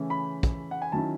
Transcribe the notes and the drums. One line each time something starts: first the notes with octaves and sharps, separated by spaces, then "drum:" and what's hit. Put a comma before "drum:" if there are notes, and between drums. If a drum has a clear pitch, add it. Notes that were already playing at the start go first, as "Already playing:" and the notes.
Already playing: C#3 E3 A3 C#4 E4
B5
drum: kick, hi-hat
F#5
G#5
D#3 F#3 C#4 E4 A5